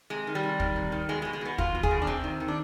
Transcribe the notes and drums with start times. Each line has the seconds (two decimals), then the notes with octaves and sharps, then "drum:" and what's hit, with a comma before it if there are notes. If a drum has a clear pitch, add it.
0.10 C3 G#3
0.27 D#3
0.35 G3
0.43 C3
0.60 D#3, drum: kick
0.76 C3
0.92 D#3
1.09 B2 G#3
1.22 G#3
1.25 B2
1.33 G#3
1.41 B2 B3
1.58 B2 F4, drum: kick
1.75 B2
1.83 G#4, drum: kick
1.91 B2
2.02 D4
2.07 C3 C4
2.24 D#3
2.40 D#3
2.48 D4